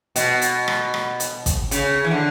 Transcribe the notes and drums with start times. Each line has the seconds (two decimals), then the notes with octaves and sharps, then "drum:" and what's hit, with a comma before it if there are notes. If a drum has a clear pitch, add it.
0.16 B2, drum: hi-hat
0.42 drum: hi-hat
0.68 drum: rim click
0.94 drum: rim click
1.20 drum: hi-hat
1.46 drum: kick, hi-hat
1.71 C#3, drum: hi-hat
2.04 E3
2.11 D3